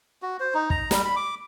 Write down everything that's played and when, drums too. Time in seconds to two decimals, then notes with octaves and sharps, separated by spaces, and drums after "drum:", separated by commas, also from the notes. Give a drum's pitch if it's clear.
0.22 F#4
0.40 C5
0.54 D#4
0.70 A#5, drum: kick
0.91 G3, drum: snare
1.04 B5
1.16 D6